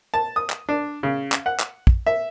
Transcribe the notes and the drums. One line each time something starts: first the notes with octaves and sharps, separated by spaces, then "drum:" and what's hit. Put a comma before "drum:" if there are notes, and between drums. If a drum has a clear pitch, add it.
A5
D#6
drum: clap
D4
C#3
drum: clap
F#5
drum: clap
drum: kick
E5